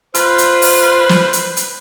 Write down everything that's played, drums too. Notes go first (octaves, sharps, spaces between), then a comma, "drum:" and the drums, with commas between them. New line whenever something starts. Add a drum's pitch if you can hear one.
F4 B4 C5, drum: hi-hat
drum: hi-hat
drum: open hi-hat
drum: snare
drum: hi-hat
drum: hi-hat